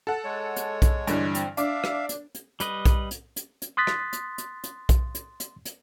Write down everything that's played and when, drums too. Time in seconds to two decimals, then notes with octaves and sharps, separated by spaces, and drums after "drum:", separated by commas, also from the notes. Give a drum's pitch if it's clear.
0.07 A4 F#5
0.24 G#3 C#5
0.56 drum: hi-hat
0.82 drum: kick B1, hi-hat
1.07 G2 D3 E3, drum: hi-hat
1.35 C4, drum: hi-hat
1.57 D4 E5 F5 D6, drum: hi-hat
1.84 drum: rim click
2.09 drum: hi-hat
2.35 drum: hi-hat
2.60 G3 B4 D#5, drum: hi-hat
2.85 drum: kick B1, hi-hat
3.11 drum: hi-hat
3.36 drum: hi-hat
3.62 drum: hi-hat
3.77 C6 D#6 F#6 A6 B6
3.87 drum: rim click
4.13 drum: hi-hat
4.38 drum: hi-hat
4.64 drum: hi-hat
4.89 drum: kick B1, hi-hat
5.15 drum: hi-hat
5.40 drum: hi-hat
5.65 drum: hi-hat